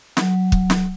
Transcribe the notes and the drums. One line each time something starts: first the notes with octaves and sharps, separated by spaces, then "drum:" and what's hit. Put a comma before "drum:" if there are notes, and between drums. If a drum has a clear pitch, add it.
F#3, drum: snare
drum: kick
drum: snare